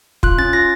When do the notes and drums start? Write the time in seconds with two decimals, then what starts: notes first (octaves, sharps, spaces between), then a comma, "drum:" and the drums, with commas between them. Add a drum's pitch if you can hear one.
0.23 F4 F#6, drum: kick
0.38 C#4 A6
0.53 F4 A#6